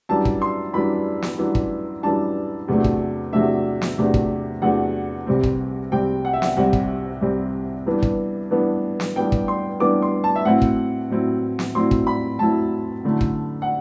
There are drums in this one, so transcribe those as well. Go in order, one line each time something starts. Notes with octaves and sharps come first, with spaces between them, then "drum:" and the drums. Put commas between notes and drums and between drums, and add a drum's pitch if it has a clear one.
F#2 E3 G3 D4 A5
drum: kick
C6
F#2 E3 G3 D4 B5
drum: snare
F#2 E3 G3 D4
drum: kick
F#2 E3 G3 D4 A5
E2 C3 F#3 A3 D4
drum: kick
E2 C3 F#3 A3 D4 E5
drum: snare
E2 C3 F#3 A3 D4
drum: kick
E2 C3 F#3 A3 D4 F#5
C2 C3 G3 C4
drum: kick
C2 C3 G3 C4 G5
F#5
E5
F#5, drum: snare
C2 C3 G3 C4 F#5
drum: kick
C2 C3 G3 C4
G2 E3 B3 D4
drum: kick
G2 E3 B3 D4
drum: snare
G2 E3 B3 D4 G5
drum: kick
C6
G2 E3 B3 D4 D6
C6
A5
E5
A2 F#3 C4 E4 F#5
drum: kick
A2 F#3 C4 E4
drum: snare
A2 F#3 C4 E4 C6
drum: kick
B5
A2 F#3 C4 E4 A5
F#2 D3 A3 E4
drum: kick
F#5